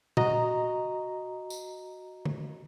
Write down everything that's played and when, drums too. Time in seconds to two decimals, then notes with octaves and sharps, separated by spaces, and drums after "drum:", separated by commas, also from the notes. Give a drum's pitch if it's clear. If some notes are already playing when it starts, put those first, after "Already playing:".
0.17 F#4 D#5 A#5, drum: tom A#2
1.50 drum: tambourine
2.25 drum: tom